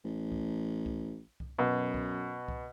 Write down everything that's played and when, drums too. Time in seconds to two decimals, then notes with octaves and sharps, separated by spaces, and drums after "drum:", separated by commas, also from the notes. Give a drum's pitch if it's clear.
0.05 A1
0.32 drum: kick C2
0.86 drum: kick C2
1.40 drum: kick C2
1.59 F#2 B2
1.94 drum: kick C2
2.48 drum: kick C2